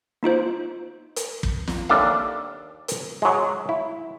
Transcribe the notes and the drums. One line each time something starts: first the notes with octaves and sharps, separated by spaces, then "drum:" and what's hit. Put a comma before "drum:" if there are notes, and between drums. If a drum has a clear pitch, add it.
A#3 D#4 F4 C5
drum: hi-hat
drum: kick
drum: snare
D#2 D4 A4 E5 F5
drum: hi-hat
F#3 G#3
E4